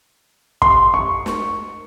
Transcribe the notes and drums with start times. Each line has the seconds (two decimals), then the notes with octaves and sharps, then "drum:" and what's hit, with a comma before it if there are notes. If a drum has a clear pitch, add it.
0.62 C6, drum: kick
0.94 C#6
1.26 drum: snare